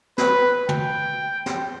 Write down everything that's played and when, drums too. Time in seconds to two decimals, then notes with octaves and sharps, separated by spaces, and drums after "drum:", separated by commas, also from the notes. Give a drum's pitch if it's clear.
0.18 B4, drum: snare
0.69 G5, drum: tom
1.46 drum: snare